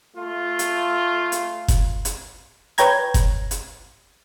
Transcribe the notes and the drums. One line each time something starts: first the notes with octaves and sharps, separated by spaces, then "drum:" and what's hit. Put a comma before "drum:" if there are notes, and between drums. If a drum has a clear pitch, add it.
A3 F4
drum: hi-hat
drum: hi-hat
drum: kick F#1, hi-hat
drum: hi-hat
B4 C#5 G5 A#5 G#6, drum: hi-hat
drum: kick F#1, hi-hat
drum: hi-hat